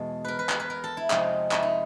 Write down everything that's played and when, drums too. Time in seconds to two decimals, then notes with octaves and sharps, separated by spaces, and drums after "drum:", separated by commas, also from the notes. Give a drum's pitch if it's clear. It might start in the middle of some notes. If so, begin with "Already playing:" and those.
Already playing: E2 B2 G#3 A4
0.25 A#4 B4
0.39 B4
0.49 A#4, drum: clap
0.60 B4
0.70 A#4
0.84 A4
0.97 E4
1.10 F2 C3 F3 G#3 D#4, drum: clap
1.52 E4, drum: clap
1.63 D#4